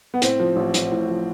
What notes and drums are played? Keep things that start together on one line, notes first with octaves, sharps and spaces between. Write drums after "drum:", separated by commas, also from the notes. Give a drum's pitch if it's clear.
B3
A2 C4, drum: hi-hat
F3
A1
A1, drum: hi-hat
A2
F3